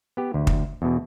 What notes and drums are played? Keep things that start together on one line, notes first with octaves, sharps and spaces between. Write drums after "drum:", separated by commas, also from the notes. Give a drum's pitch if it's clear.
B3 G4
D2
drum: kick
E2 B2